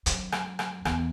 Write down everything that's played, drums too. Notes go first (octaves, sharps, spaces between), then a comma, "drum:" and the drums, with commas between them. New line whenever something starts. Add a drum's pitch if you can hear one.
F#2, drum: hi-hat
drum: rim click
drum: rim click
E2, drum: rim click